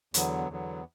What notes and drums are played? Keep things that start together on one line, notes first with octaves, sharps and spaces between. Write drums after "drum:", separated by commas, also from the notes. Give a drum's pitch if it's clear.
E2 D3 F#3 B3, drum: hi-hat
E2 D3 F#3 B3